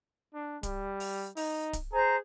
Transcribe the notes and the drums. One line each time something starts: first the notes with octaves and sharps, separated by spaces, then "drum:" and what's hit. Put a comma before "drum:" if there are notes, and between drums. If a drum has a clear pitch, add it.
D4
G3, drum: kick D1, hi-hat
drum: open hi-hat
D#4, drum: open hi-hat
drum: kick D1, hi-hat
G#4 C5 A#5